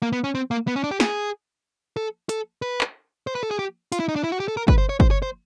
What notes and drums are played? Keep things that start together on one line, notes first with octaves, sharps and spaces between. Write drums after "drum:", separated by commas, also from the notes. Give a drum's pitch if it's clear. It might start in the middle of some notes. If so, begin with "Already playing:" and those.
A#3
B3
C#4
C4
A#3
B3
C#4
D4
G4
G#4, drum: snare
A4
A4, drum: hi-hat
B4
drum: clap
C5
B4
A4
G#4
G4
F4, drum: hi-hat
E4
D#4
D4
E4
F#4
G4
A4
A#4
B4, drum: kick
C5
C#5
C5, drum: kick
C#5
C5